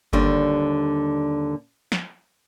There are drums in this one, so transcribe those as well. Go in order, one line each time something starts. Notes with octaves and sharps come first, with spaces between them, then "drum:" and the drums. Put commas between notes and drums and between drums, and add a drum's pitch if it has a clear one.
D#2 D3 G3, drum: kick G1
drum: snare